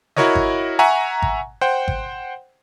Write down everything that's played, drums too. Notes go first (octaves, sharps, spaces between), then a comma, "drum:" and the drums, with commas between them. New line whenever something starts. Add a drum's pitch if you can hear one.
E4 F#4 A#4 C#5 D#5, drum: snare
drum: kick G#1
E5 F#5 G#5 A#5 C#6
drum: kick G#1
C5 F#5 G5
drum: kick G#1